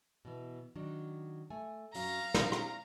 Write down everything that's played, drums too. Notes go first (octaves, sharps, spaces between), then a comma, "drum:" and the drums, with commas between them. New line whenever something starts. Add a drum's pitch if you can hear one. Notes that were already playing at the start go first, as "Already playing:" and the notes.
B2 E3
D#3 F#3 D4
A3 G#5
F#2 F#3 C#4 F5 A#5, drum: open hi-hat
C4 D4 E4, drum: snare
drum: rim click